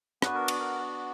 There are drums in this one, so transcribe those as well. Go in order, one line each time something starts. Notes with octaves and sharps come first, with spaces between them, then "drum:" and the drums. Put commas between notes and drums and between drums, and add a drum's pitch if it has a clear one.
B3 D4 F#4 B4, drum: rim click
A#4
drum: cymbal
A#4